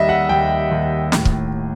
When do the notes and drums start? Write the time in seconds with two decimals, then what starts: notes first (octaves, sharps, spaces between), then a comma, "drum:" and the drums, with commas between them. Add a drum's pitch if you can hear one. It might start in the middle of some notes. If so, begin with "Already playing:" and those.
Already playing: D#2 G3 D#5 E5
0.09 F#5
0.29 D#2 G5
0.71 D#2
1.12 A2, drum: snare
1.25 drum: kick